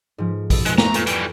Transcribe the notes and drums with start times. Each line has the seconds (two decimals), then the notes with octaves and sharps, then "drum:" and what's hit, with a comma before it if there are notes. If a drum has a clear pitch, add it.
0.18 G#2 F3
0.50 B2 A4, drum: kick, open hi-hat
0.66 F2 G#3, drum: hi-hat
0.78 B4 A#5 C#6, drum: snare
0.94 A#2, drum: hi-hat
1.07 E3 G3, drum: hi-hat